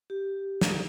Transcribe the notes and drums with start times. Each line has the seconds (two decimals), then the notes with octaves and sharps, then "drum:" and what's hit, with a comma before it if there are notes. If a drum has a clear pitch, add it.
0.10 G4
0.61 drum: snare